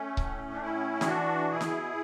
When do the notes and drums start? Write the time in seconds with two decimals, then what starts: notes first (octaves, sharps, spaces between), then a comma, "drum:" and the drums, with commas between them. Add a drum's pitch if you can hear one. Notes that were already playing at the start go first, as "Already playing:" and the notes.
Already playing: A3 C#4
0.17 A2, drum: kick C#1
0.53 D4
0.62 A2 C#4 E4
1.01 G#4, drum: snare
1.06 E3 D4 F#4
1.51 B2 E4 G#4
1.60 drum: snare